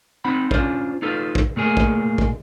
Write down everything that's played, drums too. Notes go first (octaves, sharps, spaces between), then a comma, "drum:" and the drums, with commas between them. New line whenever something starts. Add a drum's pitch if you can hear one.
C4 D#4 F#5 B5
C#4 D4 F4 C5, drum: kick
D#4 F4 A4 B4
drum: kick
A#2 A3 A#3 G#4
drum: kick
drum: kick